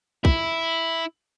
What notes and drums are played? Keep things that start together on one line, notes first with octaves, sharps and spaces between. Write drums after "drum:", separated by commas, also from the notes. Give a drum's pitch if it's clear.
E4, drum: kick